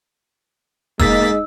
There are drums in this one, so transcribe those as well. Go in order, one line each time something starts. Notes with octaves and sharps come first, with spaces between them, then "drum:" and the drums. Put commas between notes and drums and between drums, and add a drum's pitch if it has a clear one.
G#3 A#3 D#4 D#5 E6 A6 B6, drum: kick F1